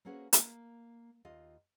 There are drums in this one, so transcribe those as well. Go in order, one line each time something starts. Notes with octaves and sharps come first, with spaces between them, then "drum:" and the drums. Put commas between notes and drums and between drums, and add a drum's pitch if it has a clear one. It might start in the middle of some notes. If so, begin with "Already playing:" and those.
A#3 C4 C#4 F#4 G#4 B4
A#3, drum: hi-hat
D#2 F4 D#5